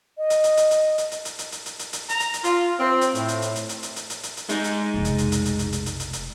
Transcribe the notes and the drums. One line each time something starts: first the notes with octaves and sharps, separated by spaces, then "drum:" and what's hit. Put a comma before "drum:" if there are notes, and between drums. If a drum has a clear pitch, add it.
D#5
drum: hi-hat
drum: hi-hat
drum: hi-hat
drum: hi-hat
drum: hi-hat
drum: hi-hat
drum: hi-hat
drum: hi-hat
drum: hi-hat
drum: hi-hat
drum: hi-hat
drum: hi-hat
A#5, drum: hi-hat
drum: hi-hat
drum: hi-hat
F4, drum: hi-hat
C4
drum: hi-hat
A2, drum: hi-hat
drum: hi-hat
drum: hi-hat
drum: hi-hat
drum: hi-hat
drum: hi-hat
drum: hi-hat
drum: hi-hat
drum: hi-hat
drum: hi-hat
G#3 D#4, drum: hi-hat
drum: hi-hat
F1 B1
drum: hi-hat
drum: hi-hat
drum: hi-hat
drum: hi-hat
drum: hi-hat
drum: hi-hat
drum: hi-hat
drum: hi-hat
drum: hi-hat